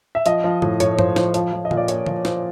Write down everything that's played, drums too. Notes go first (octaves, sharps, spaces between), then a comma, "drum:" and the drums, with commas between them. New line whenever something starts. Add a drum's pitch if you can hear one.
E5
F3 D#5, drum: hi-hat
F3
A2, drum: tom
A2 C#5, drum: hi-hat
F3 C5, drum: tom G2
F3 C5, drum: snare
F3, drum: hi-hat
F3
D#5
A#2, drum: tom
D5
A#2 C#5, drum: hi-hat
F3 C#5, drum: tom
F3 C5, drum: snare